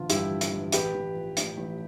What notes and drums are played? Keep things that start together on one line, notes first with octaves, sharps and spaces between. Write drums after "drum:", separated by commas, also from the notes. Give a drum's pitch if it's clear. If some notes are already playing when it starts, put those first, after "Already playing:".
Already playing: A1 D3 F3 F4
G2 E4 G4, drum: hi-hat
F3
drum: hi-hat
A1
A1 G4 B4, drum: hi-hat
A1
F3
A2, drum: hi-hat
A1